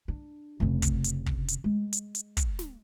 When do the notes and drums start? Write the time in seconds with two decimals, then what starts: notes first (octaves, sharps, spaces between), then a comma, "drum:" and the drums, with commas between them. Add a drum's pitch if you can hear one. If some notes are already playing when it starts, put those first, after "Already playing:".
0.08 D4
0.60 F1 C#3
0.82 drum: kick, hi-hat
1.04 drum: hi-hat
1.26 drum: kick
1.48 drum: hi-hat
1.64 G#3
1.93 drum: hi-hat
2.15 drum: hi-hat
2.37 drum: kick, hi-hat
2.59 drum: snare